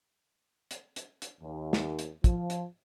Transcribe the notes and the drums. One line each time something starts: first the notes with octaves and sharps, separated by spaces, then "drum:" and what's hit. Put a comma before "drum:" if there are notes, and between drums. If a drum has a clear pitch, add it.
drum: hi-hat
drum: hi-hat
drum: hi-hat
D#2
drum: snare
drum: hi-hat
F3, drum: kick, hi-hat
drum: hi-hat